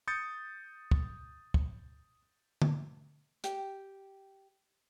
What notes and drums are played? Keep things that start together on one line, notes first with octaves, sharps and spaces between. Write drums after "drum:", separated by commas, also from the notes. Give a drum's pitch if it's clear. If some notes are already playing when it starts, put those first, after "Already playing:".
D#6 G6 A6 C#7
drum: kick
drum: kick
drum: tom D3
G4, drum: hi-hat